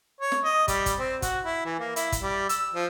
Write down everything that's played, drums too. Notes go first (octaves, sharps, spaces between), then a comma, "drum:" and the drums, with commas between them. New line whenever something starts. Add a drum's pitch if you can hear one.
C#5
drum: snare
D#5
G3, drum: kick, hi-hat
drum: kick, hi-hat
C4
F#4, drum: kick, hi-hat
E4
E3
A#3
E4, drum: hi-hat
drum: kick, hi-hat
G3
E6, drum: hi-hat
F3